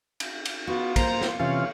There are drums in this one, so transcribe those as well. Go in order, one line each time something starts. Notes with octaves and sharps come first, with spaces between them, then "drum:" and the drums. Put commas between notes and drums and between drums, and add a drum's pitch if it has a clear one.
drum: cymbal
drum: cymbal
B3 F4 F#4
A#3 C5 A#5, drum: kick, cymbal
drum: snare
C3 E3 C#4 F4 C#5 F5